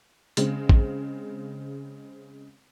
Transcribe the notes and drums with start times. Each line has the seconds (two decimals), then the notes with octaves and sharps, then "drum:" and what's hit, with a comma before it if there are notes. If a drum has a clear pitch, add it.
0.37 C#3 G#3 C4, drum: hi-hat
0.69 drum: kick A1